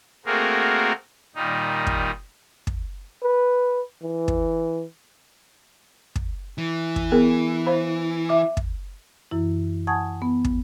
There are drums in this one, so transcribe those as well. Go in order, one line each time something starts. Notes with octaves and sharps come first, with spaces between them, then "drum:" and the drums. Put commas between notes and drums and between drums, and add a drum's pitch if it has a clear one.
A3 A#3 C4 F#4 G#4 A#4
A#2 D#3 G3 D#4
drum: kick
drum: kick
B4
E3
drum: kick
drum: kick
E3
drum: kick
B3 G#4 A#4
C5 F5 B5
E5 D6
drum: kick
F#2 E3 E4
F#5 G#5 A5 C#6 D#6 G#6
B3
drum: kick